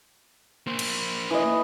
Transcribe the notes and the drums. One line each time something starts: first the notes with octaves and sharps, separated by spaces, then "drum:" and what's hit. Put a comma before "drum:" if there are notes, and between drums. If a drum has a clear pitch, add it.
A#3 C5
drum: cymbal
E3 D#5